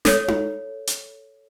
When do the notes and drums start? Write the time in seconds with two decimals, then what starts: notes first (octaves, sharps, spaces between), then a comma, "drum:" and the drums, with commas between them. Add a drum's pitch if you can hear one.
0.05 A4 C#5, drum: snare
0.28 drum: tom D#4
0.87 drum: hi-hat